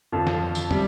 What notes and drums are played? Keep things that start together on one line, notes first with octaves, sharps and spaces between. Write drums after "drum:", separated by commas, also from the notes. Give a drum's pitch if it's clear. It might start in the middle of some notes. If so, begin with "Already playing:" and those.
F2 D3 F3
drum: snare
drum: tambourine
C3 G3, drum: tom